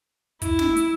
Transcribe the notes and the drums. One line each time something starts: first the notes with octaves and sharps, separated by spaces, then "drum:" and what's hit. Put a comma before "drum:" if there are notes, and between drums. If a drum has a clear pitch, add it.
E4, drum: kick, hi-hat
drum: snare
drum: hi-hat